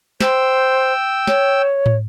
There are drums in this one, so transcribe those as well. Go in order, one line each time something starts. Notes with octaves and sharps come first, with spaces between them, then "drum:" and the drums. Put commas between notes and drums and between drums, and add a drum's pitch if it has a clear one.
C5 G5 E6, drum: snare
C#5, drum: snare
drum: tom